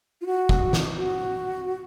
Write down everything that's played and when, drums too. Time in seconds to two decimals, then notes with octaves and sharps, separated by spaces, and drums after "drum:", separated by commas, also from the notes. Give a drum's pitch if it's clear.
0.21 F4
0.26 F#4
0.49 drum: kick
0.73 drum: snare
0.97 F#4